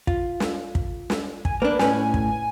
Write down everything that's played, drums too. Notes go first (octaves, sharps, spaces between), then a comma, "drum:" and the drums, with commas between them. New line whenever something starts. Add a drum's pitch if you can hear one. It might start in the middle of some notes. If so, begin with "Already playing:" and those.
F4, drum: kick
drum: snare
drum: kick
drum: snare
G#5, drum: kick
A#3 D4 B4
A2 C#4 B4 G#5, drum: snare
drum: kick